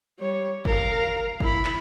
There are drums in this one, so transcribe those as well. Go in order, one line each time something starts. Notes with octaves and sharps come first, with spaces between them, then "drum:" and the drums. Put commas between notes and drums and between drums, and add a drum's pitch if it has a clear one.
G3 C#5
A#4 F5, drum: kick G1
E4 B5, drum: kick G1
drum: clap